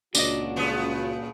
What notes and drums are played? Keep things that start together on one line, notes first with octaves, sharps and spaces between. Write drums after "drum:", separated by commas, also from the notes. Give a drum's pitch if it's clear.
C#2 A#2 D4 F#4 D5 D#5, drum: tambourine
G2 C#3 B3